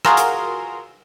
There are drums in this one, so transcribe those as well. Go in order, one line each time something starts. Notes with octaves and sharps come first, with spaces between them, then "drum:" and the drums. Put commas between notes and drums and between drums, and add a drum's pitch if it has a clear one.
F4 F#4 G#4 A#4 A#5 C6, drum: rim click
drum: hi-hat